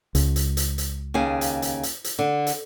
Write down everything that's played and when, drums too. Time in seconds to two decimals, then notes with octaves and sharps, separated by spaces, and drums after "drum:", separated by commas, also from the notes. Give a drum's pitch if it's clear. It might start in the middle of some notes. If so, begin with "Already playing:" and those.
0.15 C#2, drum: hi-hat
0.36 drum: hi-hat
0.57 drum: hi-hat
0.78 drum: hi-hat
1.14 D#2 C#3 G#4
1.41 drum: hi-hat
1.62 drum: hi-hat
1.83 drum: hi-hat
2.04 drum: hi-hat
2.19 D3
2.47 drum: hi-hat